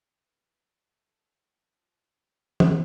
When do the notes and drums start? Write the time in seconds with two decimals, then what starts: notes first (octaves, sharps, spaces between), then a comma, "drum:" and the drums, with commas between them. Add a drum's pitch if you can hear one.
0.25 E3
0.86 A3
1.35 A2
1.73 F3
2.11 C3
2.60 drum: tom E3